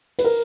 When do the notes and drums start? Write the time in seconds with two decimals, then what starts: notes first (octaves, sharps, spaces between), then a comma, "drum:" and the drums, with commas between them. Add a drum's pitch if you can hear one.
0.19 B4, drum: open hi-hat
0.24 A#4